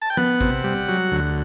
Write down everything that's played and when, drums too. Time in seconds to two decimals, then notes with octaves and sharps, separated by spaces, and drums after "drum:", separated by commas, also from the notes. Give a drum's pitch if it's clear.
0.02 A5
0.10 G5
0.17 B3 F#5, drum: tom F3
0.41 C3, drum: kick
0.64 G3
0.89 F#3
1.12 D2